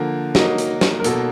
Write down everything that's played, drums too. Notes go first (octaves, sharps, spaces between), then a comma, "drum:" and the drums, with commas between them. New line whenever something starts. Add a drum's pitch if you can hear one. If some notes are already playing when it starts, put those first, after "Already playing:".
Already playing: D3 F3 A#3
F#3 A#3 D#4, drum: snare
drum: hi-hat
drum: snare
A#4
B2 F#3 A#3 A4, drum: hi-hat